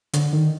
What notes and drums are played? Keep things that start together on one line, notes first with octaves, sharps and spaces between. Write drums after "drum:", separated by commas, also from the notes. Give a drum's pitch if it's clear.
D3, drum: hi-hat
D#3